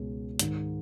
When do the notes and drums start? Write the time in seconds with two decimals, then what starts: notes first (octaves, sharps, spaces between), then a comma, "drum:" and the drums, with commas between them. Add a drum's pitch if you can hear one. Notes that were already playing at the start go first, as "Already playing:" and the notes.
Already playing: C#2 B2 G#3
0.39 G#2 D#3 G#3, drum: hi-hat